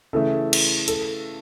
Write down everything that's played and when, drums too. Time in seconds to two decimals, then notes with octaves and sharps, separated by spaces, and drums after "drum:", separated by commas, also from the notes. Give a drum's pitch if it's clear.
0.13 C#3 E3 A3 A4
0.53 drum: cymbal
0.88 A4, drum: hi-hat